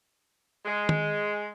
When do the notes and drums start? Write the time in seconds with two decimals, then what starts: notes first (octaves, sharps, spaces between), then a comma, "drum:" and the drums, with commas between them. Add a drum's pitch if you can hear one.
0.65 G#3
0.89 drum: tom D#3